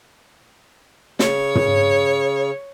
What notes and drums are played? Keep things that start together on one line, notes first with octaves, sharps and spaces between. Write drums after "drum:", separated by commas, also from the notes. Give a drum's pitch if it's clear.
C#3 C#5, drum: snare
drum: tom